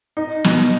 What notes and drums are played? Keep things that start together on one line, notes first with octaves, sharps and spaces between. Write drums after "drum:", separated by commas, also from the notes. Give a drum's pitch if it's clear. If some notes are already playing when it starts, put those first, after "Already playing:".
D#4
B2, drum: snare